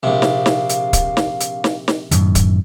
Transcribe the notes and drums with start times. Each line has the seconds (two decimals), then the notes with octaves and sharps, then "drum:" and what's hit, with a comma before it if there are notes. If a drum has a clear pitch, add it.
0.03 A#1 C3 F5
0.22 drum: snare
0.46 drum: snare
0.69 drum: hi-hat
0.93 drum: kick, hi-hat
1.17 drum: snare
1.40 drum: hi-hat
1.64 drum: snare
1.88 drum: snare
2.11 F#2 A2 D#3, drum: hi-hat
2.35 drum: kick, hi-hat